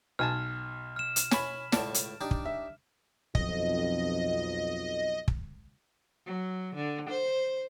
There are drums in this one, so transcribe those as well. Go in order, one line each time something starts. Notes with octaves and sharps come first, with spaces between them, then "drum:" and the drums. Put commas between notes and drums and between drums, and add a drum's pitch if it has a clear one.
B1 B2 G#5 A5 F6
F6 E7
drum: hi-hat
C#4 G#5 B5, drum: snare
C#2 A2 D5 A5, drum: snare
drum: hi-hat
D4 D#4 G4
drum: kick
E5
B1 F2 D#5, drum: kick
drum: kick
F#3
D3
C5